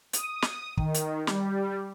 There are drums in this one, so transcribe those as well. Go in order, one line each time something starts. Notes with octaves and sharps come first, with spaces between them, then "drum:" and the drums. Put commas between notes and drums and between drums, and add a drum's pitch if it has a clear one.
D#6, drum: hi-hat
drum: snare
D#3, drum: kick
drum: hi-hat
G3, drum: snare